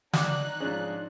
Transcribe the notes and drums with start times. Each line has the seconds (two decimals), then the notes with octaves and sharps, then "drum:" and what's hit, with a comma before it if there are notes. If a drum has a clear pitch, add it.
0.13 D#4 D5 F#6, drum: snare
0.60 G#2 F3 C#4 D4 G#4